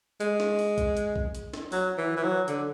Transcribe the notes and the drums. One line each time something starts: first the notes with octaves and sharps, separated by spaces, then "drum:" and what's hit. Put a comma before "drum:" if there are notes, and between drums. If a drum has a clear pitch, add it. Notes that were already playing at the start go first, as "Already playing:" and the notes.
G#3, drum: hi-hat
drum: snare
drum: open hi-hat
drum: kick A#1, hi-hat
drum: hi-hat
drum: kick A#1
drum: hi-hat
drum: snare
F#3, drum: open hi-hat
E3
E3
F#3
D3, drum: hi-hat